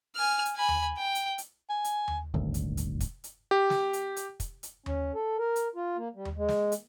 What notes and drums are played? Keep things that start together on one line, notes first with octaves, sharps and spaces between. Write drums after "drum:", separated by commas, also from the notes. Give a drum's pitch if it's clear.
G#5 F6
drum: hi-hat
G#5 B5
drum: tom D#2
G5
drum: hi-hat
drum: hi-hat
G#5
drum: hi-hat
drum: tom D#2
D#1 G#1 D2
drum: hi-hat
drum: hi-hat
drum: kick, hi-hat
drum: hi-hat
G4
drum: snare
drum: hi-hat
drum: hi-hat
drum: kick, hi-hat
drum: hi-hat
C#4, drum: tom D#2
A4
A#4
drum: hi-hat
F4
A#3
G3
drum: tom D#2
G#3
drum: snare
drum: hi-hat